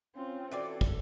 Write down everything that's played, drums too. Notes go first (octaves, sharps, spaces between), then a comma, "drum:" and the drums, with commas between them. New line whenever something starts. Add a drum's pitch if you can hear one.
C4 C#4 F4
E3 C4 F#4 A4 D5
drum: kick